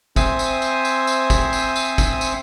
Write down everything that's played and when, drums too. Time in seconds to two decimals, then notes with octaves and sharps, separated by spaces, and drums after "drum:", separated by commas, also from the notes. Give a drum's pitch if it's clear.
0.16 C4 C5 E5 G#5 D#6, drum: kick, tambourine
0.39 drum: tambourine
0.62 drum: tambourine
0.85 drum: tambourine
1.07 drum: tambourine
1.30 drum: kick, tambourine
1.53 drum: tambourine
1.76 drum: tambourine
1.98 drum: kick, tambourine
2.21 drum: tambourine